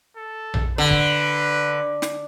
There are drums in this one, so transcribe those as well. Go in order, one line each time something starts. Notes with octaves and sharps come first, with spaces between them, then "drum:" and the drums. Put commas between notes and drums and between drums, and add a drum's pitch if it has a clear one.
A4
drum: tom A#1
D3 B4
drum: kick
drum: snare